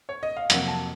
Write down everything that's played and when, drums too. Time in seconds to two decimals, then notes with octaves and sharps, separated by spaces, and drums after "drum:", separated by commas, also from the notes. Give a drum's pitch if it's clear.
0.09 C#5
0.23 D#5
0.37 F5
0.50 F2 C3 F#3 A#3 F#5, drum: hi-hat
0.68 A5